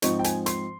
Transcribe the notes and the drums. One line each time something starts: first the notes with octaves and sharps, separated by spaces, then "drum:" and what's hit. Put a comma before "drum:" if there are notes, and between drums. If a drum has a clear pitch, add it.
G#2 F3 C4 D#4 C#6, drum: hi-hat
G5
G#5, drum: hi-hat
C6, drum: hi-hat